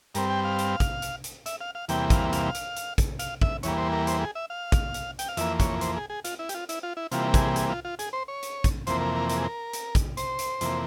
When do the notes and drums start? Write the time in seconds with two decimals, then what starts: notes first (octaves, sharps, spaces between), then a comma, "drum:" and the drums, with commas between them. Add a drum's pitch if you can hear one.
0.15 G2 G3 C4 A#4, drum: hi-hat
0.30 G5
0.45 F5
0.58 drum: hi-hat
0.80 drum: kick, hi-hat
1.02 drum: hi-hat
1.24 drum: hi-hat
1.46 E5, drum: hi-hat
1.61 F5
1.75 F5
1.89 E2 C3 E3 G3 A#3 G5, drum: hi-hat
2.10 F5, drum: kick, hi-hat
2.33 F5, drum: hi-hat
2.54 drum: hi-hat
2.76 drum: hi-hat
2.98 drum: kick, hi-hat
3.19 F5, drum: hi-hat
3.41 E5, drum: kick
3.63 E2 E3 G3 A#3 C#5, drum: hi-hat
3.78 C5
3.93 A#4
4.07 C5, drum: hi-hat
4.21 G#4
4.35 E5
4.50 F5
4.72 drum: kick, hi-hat
4.94 drum: hi-hat
5.19 G5, drum: hi-hat
5.29 F5
5.37 F2 E3 A#3 E5, drum: hi-hat
5.60 C#5, drum: kick, hi-hat
5.81 C5, drum: hi-hat
5.96 G#4
6.10 G#4
6.24 F4, drum: hi-hat
6.39 E4
6.49 G4, drum: hi-hat
6.54 F4
6.69 E4, drum: hi-hat
6.83 F4
6.97 E4
7.11 C3 E3 G3 A#3 F4, drum: hi-hat
7.34 G#4, drum: kick, hi-hat
7.56 G#4, drum: hi-hat
7.70 F4
7.85 F4
7.99 G#4, drum: hi-hat
8.13 C5
8.28 C#5
8.43 drum: hi-hat
8.64 drum: kick, hi-hat
8.87 F2 C3 E3 A#3 C5, drum: hi-hat
9.00 A#4
9.16 A#4
9.29 A#4, drum: hi-hat
9.37 G#4
9.44 A#4
9.73 drum: hi-hat
9.95 drum: kick, hi-hat
10.17 C5, drum: hi-hat
10.39 drum: hi-hat
10.61 F2 C3 E3 A#3, drum: hi-hat